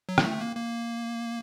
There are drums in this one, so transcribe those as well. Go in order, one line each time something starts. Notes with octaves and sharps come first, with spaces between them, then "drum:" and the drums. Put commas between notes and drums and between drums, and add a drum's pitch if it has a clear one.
F#3
A#3, drum: rim click
A3
A#3
A#3